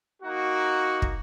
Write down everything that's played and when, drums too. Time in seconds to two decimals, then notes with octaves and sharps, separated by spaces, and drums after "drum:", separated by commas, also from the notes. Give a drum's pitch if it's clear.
0.23 A#3 D#4 F#4
1.02 drum: kick